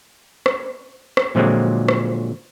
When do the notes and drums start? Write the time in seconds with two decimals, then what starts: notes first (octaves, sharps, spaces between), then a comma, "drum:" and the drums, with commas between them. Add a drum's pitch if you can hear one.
0.46 drum: rim click
1.17 drum: rim click
1.35 A#2 D3 F3 F#3 G#3 C4
1.88 drum: rim click